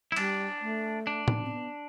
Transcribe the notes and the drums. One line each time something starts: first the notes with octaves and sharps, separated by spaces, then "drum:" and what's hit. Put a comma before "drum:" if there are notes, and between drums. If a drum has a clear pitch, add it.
F3 E4
G3 D4, drum: cymbal
A3
D4
drum: tom
C4
B3